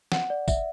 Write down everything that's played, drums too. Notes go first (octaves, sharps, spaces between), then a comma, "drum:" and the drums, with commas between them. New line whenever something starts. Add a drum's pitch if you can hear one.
F#5, drum: snare
D5
E5, drum: kick, tambourine